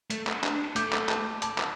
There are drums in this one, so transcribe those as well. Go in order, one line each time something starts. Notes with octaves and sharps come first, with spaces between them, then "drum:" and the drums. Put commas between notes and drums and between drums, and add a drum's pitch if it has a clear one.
A3, drum: hi-hat
drum: clap
D4, drum: clap
A3 D6 G6, drum: hi-hat
drum: clap
A5, drum: clap
A5 D6, drum: hi-hat
drum: clap